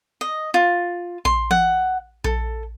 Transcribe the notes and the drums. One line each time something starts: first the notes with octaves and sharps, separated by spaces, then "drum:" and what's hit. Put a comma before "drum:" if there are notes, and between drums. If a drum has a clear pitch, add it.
D#5
F4
C6, drum: kick A#1
F#5, drum: tom E3
A4, drum: kick A#1